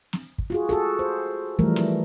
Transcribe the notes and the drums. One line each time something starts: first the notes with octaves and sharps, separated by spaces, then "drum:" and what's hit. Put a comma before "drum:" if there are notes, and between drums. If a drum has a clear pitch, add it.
drum: snare
drum: kick
F4 F#4 G#4
F#4 G#4 A4, drum: hi-hat
C5
E3 F3 G3 A3 A#4
drum: snare